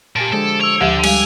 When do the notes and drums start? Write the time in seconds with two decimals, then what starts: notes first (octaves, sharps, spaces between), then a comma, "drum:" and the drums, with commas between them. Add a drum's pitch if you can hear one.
0.16 A#2 G4 G#5 A5 D7
0.32 D3 F3 G#3 A4
0.60 C#5 E6 F7
0.81 D2 D3 F3 G4 E5
1.04 G3 G#3 F5 G#5, drum: cymbal